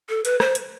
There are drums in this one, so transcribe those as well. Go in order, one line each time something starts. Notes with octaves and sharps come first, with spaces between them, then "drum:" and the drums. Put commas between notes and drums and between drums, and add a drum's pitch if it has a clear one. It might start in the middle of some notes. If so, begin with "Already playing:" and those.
A4
B4, drum: hi-hat
C5, drum: rim click
drum: hi-hat